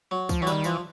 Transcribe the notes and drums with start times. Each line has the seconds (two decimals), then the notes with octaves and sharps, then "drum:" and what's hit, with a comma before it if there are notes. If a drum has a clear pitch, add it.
0.11 F#3
0.29 F3, drum: kick C#2, tambourine
0.41 E3 F#3
0.47 G3, drum: tambourine
0.52 D#3
0.64 E3 F3, drum: tambourine